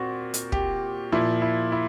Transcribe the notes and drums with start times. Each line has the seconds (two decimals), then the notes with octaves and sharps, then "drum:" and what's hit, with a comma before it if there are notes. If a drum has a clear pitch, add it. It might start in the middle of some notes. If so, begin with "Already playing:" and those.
Already playing: A#2 C4 F#4
0.34 drum: hi-hat
0.52 G4, drum: kick
1.12 A#2 F3 E4
1.42 E4
1.72 E4